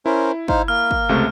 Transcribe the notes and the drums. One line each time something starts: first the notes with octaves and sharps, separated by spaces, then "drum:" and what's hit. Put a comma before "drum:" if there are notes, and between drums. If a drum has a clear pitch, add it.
C#4 E4 A#4 C5
D#4 C5 F5, drum: kick
A#3 F6
drum: kick
C#2 C3 A3